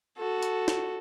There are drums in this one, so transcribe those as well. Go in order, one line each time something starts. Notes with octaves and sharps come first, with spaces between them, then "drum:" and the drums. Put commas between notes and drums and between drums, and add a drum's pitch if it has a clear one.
F#4 A4
drum: hi-hat
drum: snare